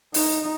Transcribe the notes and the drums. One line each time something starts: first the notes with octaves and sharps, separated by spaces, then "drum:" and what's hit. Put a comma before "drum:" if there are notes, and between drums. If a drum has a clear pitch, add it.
D#4, drum: open hi-hat